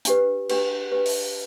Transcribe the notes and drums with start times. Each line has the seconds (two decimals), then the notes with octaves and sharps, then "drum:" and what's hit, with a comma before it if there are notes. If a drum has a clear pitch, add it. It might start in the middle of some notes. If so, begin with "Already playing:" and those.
0.05 D4 G4 B4, drum: hi-hat
0.49 D4 G4 B4, drum: cymbal
0.91 D4 G4 B4
1.06 drum: open hi-hat